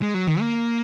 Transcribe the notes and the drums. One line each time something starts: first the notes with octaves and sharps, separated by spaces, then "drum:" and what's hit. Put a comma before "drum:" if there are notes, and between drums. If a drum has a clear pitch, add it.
G#3
F#3
D#3, drum: tom D3
A#3